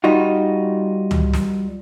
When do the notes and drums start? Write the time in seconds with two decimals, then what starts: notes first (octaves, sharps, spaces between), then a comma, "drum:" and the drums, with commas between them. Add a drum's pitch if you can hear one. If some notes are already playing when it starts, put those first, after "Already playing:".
0.04 G3 D#4 F4 F#4
1.11 drum: tom C#2
1.33 drum: snare